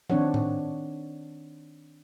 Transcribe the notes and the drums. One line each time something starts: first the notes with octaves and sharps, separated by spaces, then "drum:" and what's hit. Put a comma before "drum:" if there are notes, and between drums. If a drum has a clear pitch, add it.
D#3 C4 D4 C#5 F#5, drum: tom F3
drum: tom A2